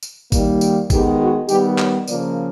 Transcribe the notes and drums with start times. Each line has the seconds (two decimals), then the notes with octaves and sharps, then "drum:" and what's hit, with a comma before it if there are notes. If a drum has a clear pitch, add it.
0.03 drum: tambourine
0.32 D#3 G3 A#3, drum: kick G#1, tambourine
0.61 drum: tambourine
0.90 D#3 G#3 B3 G4, drum: kick G#1, tambourine
1.20 F#4
1.49 D#3 G3 B3 G4, drum: tambourine
1.78 C#5, drum: clap
2.07 C#3 F3 A#3 D5, drum: tambourine